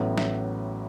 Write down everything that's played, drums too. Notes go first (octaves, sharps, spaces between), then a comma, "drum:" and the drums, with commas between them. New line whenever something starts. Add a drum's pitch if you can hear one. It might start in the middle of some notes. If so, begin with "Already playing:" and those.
Already playing: A1 A2 F#3 B3
E5, drum: snare